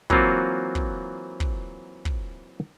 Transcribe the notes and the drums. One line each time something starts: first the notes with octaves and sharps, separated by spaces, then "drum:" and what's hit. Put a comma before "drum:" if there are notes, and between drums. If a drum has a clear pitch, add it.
E3 F#3 A#3 C4 F4 F#4, drum: kick
drum: kick
drum: kick
drum: kick